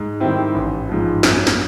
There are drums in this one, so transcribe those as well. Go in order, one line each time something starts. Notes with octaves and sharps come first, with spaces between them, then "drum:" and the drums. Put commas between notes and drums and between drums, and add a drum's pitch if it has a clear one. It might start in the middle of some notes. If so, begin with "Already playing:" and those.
Already playing: G#2
D#3 G3 C4 E4
A1
G#2 F3
F#2, drum: snare
drum: snare